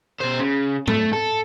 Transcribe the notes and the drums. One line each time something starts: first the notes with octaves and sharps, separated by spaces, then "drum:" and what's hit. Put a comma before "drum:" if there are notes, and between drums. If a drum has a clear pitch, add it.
B2 C5
C#3
A3, drum: tom A2
A4